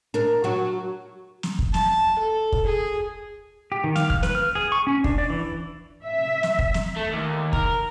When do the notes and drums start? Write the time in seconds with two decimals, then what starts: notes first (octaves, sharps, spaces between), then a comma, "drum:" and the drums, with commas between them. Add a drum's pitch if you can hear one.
0.14 D4 A#4
0.44 F#3 F#4
1.43 drum: snare
1.59 drum: kick
1.74 A5, drum: snare
2.19 A4
2.52 drum: kick
2.64 G#4
3.72 G4
3.84 D#3
3.96 F5, drum: snare
4.10 F6, drum: kick
4.23 B4, drum: snare
4.35 F6
4.55 G#4
4.72 C#6
4.87 C#4
5.04 D4, drum: kick
5.18 D5
5.30 E3
6.05 E5
6.43 drum: snare
6.59 drum: kick
6.74 drum: snare
6.96 A3
7.12 D#2
7.53 A#4, drum: kick